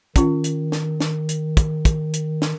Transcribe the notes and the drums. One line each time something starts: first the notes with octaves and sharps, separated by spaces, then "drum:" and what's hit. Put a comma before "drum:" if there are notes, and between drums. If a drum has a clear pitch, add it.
D#3 C#4 F4, drum: kick, hi-hat
drum: hi-hat
drum: snare
drum: snare
drum: hi-hat
drum: kick, hi-hat
drum: kick, hi-hat
drum: hi-hat
drum: snare